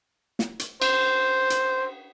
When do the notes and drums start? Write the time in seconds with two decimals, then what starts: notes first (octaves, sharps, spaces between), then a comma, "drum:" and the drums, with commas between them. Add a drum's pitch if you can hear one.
0.39 drum: snare
0.59 drum: hi-hat
0.82 C5, drum: cymbal
1.50 drum: hi-hat